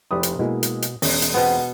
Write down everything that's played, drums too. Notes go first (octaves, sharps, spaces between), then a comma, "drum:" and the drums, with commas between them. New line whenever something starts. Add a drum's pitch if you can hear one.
F1 E4 G4 B4 D5 D#6
drum: hi-hat
B2 G#3 A#3 E4
drum: hi-hat
drum: hi-hat
E1 C#4 D#5, drum: open hi-hat
drum: hi-hat
B2 B3 C4 G5